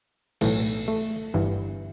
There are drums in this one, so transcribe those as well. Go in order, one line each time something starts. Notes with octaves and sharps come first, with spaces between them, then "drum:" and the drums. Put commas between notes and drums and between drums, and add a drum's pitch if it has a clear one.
B1 A2 E3 A3, drum: cymbal
A3
G1 G2 E3